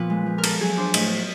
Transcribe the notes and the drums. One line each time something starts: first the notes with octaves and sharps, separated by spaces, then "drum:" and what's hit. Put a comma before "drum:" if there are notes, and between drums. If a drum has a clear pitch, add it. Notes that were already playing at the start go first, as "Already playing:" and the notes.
Already playing: A#2 F3 B3 B4
G#3
F3
A#4
B3 A4, drum: cymbal
F#3 G#4
D4 C5
A2 D#5, drum: cymbal
B3